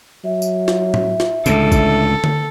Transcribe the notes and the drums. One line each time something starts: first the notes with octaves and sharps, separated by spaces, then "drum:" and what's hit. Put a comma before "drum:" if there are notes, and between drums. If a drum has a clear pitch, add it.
F#3 E5
drum: tambourine
drum: snare
drum: tom
drum: snare
C#2 A2 D3 A4, drum: tambourine
drum: kick, tambourine
drum: tom D3